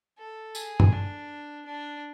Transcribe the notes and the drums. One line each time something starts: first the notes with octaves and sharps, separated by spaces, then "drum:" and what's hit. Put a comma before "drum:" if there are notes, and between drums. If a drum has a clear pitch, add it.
A4
G#4, drum: tambourine
drum: tom
D4
D4